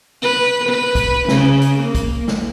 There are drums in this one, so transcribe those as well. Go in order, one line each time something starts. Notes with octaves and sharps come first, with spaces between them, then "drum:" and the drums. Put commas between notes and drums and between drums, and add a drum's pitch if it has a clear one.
B4
B4
drum: kick, hi-hat
C#3, drum: snare
drum: hi-hat
A#3
drum: kick, hi-hat
drum: snare